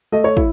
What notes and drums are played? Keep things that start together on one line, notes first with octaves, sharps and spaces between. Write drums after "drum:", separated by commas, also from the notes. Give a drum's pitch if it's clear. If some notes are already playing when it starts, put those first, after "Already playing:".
A3 D#5
C#5
E4, drum: kick